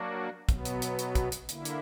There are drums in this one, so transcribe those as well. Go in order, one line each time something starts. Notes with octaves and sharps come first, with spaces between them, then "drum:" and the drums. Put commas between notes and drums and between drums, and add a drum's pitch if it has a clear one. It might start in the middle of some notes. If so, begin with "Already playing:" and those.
Already playing: F#3 A#3 D4 F#4
B2 F#3 B3, drum: kick, hi-hat
drum: hi-hat
drum: hi-hat
drum: hi-hat
drum: kick, hi-hat
drum: hi-hat
D3 A#3 E4, drum: hi-hat
drum: hi-hat